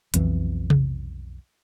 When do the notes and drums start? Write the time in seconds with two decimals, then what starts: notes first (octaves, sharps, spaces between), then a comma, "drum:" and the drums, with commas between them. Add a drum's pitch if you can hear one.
0.14 B1 F2 E3, drum: hi-hat
0.70 drum: tom C3